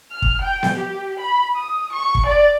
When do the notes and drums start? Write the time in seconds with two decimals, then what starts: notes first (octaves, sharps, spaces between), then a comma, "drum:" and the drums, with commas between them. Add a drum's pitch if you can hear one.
0.11 F6
0.22 drum: kick
0.41 G5
0.63 drum: snare B3
0.76 G4
1.19 B5
1.56 D#6
1.92 C#6
2.15 drum: kick
2.26 D5